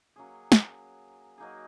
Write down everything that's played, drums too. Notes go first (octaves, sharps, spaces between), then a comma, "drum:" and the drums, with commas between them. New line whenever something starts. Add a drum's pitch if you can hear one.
F#3 A#3 C#4 G#4
drum: snare
F#3 A#3 D#4 G#4